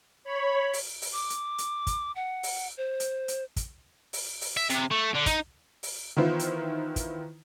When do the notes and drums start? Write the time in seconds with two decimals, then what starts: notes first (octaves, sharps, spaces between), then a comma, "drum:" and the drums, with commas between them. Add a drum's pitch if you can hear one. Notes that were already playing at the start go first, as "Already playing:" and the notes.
0.24 C#5 B5
0.73 drum: open hi-hat
1.02 drum: open hi-hat
1.13 D6
1.30 drum: hi-hat
1.58 drum: hi-hat
1.87 drum: kick, hi-hat
2.16 F#5
2.43 drum: open hi-hat
2.77 C5
3.00 drum: hi-hat
3.28 drum: hi-hat
3.56 drum: kick, hi-hat
4.13 drum: open hi-hat
4.41 drum: open hi-hat
4.57 E5
4.70 C3, drum: hi-hat
4.91 A3
5.14 D3
5.26 D#4, drum: kick, hi-hat
5.83 drum: open hi-hat
6.17 D#3 E3 B3 E4 F4 C5
6.39 drum: hi-hat
6.96 drum: kick, hi-hat